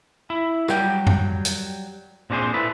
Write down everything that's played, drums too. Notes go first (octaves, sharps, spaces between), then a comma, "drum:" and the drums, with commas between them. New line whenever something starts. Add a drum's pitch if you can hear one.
E4
F#3 G3 G5, drum: rim click
drum: tom F2
drum: hi-hat
A#2 C4 D4 F#4 G#4 C5
E4 A4 B4